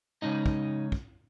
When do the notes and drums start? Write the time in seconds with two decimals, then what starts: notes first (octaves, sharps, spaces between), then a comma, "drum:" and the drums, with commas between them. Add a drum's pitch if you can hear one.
0.22 C#3 G#3 C#4 D#4 D#5
0.46 drum: kick
0.92 drum: kick